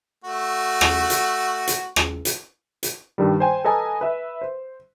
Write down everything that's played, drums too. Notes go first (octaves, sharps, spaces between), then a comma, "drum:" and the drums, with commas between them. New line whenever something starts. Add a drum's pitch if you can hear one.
A3 F#4
drum: rim click
drum: hi-hat
drum: hi-hat
drum: rim click
drum: hi-hat
drum: hi-hat
G2 D#3 G3
C5 G5 G#5
A4 B4 D#5 G#5 A#5
B4 E5
C5